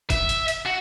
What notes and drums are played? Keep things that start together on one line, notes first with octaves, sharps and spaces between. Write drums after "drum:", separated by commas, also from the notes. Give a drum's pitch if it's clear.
E5, drum: kick, hi-hat
drum: hi-hat
drum: hi-hat
F#4